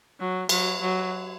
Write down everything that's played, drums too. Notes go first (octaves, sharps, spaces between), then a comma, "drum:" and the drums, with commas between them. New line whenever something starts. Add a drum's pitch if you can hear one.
F#3
F#3, drum: cymbal
F#3